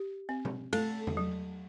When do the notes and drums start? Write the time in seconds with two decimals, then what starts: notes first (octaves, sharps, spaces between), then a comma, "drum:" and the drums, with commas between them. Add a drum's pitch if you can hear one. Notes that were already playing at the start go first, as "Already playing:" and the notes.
Already playing: G4
0.29 C4
0.45 drum: tom
0.73 A3 A4, drum: cymbal
1.07 drum: tom E2
1.17 F#3